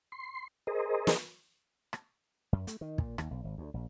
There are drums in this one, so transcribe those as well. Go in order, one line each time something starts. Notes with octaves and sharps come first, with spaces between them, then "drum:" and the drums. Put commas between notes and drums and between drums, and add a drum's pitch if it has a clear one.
C6
G#4 A#4 C5 D#5
drum: snare
drum: rim click
F#2
A3, drum: hi-hat
D#3
A#2, drum: kick
D#2, drum: rim click
B1
G#1
D2
A#1